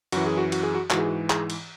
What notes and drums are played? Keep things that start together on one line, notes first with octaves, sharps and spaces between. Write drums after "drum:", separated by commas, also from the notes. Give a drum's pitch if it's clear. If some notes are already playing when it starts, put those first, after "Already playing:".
F#2 E3 F#4, drum: cymbal
G#4
F#4
F#4, drum: cymbal
G#4
F#4
G#2 E3 F#4, drum: clap
G#4
F#4
G#4, drum: clap
drum: cymbal